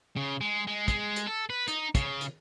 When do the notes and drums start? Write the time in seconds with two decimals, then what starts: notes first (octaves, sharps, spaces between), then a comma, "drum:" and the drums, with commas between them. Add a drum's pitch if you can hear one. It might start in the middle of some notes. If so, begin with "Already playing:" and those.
0.16 C#3
0.41 G#3
0.67 G#3
0.88 G#3, drum: kick, hi-hat
1.16 drum: hi-hat
1.27 A4
1.50 B4
1.68 D#4, drum: hi-hat
1.95 C#3, drum: kick, hi-hat
2.21 drum: hi-hat